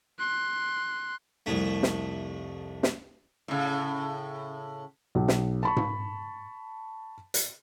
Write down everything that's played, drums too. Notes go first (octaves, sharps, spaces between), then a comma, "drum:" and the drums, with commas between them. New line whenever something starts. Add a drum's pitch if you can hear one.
C6 F#6
C2 F2 A3
drum: snare
drum: snare
A2 C#3
B1
drum: snare
A5 B5 C#6
drum: tom G#2
drum: hi-hat